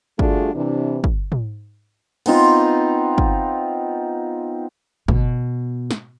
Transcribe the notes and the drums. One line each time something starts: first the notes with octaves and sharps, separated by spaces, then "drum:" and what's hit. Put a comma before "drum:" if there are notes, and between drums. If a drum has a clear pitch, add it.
G3 A3 D4 F4 F#4 G#4, drum: kick
C3 E3 D4
drum: kick
drum: tom
B3 C4 D#4 F4, drum: cymbal
drum: kick
B2, drum: kick
drum: snare